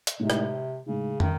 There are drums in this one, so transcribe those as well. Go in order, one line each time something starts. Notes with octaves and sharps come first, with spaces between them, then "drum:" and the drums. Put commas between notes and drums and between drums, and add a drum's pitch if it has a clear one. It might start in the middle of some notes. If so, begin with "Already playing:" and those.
drum: hi-hat
A2 C3 G#3 D#4
drum: rim click
A2 C#3 G#3 D#4
D#3, drum: tom